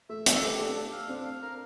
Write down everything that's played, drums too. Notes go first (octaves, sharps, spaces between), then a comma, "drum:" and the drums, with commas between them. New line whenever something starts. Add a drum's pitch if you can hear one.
A3 E5
D4, drum: hi-hat
A3 G4
A3 D4
A4
F5
C4 D4
F5
A#4